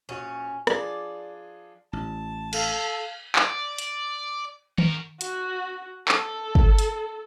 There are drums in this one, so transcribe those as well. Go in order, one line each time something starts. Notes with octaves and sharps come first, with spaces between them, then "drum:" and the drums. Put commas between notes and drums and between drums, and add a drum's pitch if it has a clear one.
A#1 C#4 F#4
F3 D4 G#4 D5, drum: rim click
A1 A5
A4 F5, drum: cymbal
D5, drum: clap
drum: hi-hat
F#4 A#4, drum: tom D#3
F#4, drum: hi-hat
A4, drum: clap
drum: kick
drum: hi-hat